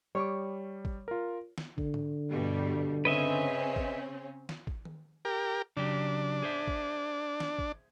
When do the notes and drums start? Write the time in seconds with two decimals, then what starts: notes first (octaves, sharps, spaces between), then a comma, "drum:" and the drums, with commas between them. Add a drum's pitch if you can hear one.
0.15 G3 C#5 C#6 D6
0.85 drum: kick G#1
1.08 F4 A#4
1.58 drum: snare
1.78 D3, drum: kick G#1
1.94 drum: tom G#2
2.30 G2 B2 G3
3.05 C#3 C4 C#4 B4 D#5 E5
3.76 drum: kick G#1
4.49 drum: snare
4.67 drum: kick G#1
4.85 drum: tom D#3
5.25 G4 A#4
5.77 C#3 F#3 D4 G4
6.42 G#4 C5 E5
6.68 drum: kick G#1
7.40 drum: snare
7.59 drum: kick G#1